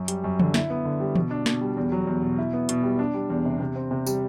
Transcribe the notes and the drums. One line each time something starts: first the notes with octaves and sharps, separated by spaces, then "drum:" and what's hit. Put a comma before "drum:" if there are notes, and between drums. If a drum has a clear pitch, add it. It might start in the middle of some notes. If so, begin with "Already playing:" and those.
Already playing: F#2
G3, drum: hi-hat
F#2
D3, drum: tom E3
E4, drum: snare
B3
D3
G3
B2, drum: tom E3
D4
B2, drum: snare
G3
E2
F#3
E2
B2
E4
B3
B2, drum: hi-hat
G3
D4
G3
E2
C3
C3
C4
C3
G3, drum: tambourine